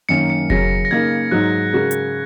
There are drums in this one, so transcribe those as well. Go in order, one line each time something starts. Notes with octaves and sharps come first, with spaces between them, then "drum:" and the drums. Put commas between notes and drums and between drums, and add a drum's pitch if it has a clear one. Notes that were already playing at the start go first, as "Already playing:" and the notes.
F#2 D#3 A#3 C#4 C#7
C#7
C#3 F#3 C#4 A#4 A#6, drum: kick F1
A#6
C#3 A#3 D#4 A#4 G#6
G#2 F#3 D#4 F#6
C#3 G#3 F#4 A#4
drum: hi-hat